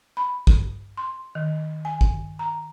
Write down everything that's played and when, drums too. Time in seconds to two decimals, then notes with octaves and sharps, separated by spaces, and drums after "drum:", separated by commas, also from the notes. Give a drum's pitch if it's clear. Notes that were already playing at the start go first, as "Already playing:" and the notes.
0.17 B5
0.47 drum: kick
0.97 C6
1.35 D#3
1.85 G#5
2.01 drum: kick
2.39 A#5